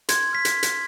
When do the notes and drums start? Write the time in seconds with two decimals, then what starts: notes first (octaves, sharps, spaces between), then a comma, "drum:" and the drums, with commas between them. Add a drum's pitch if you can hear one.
0.09 C6 G#6, drum: hi-hat
0.33 F6 B6
0.45 drum: hi-hat
0.63 drum: hi-hat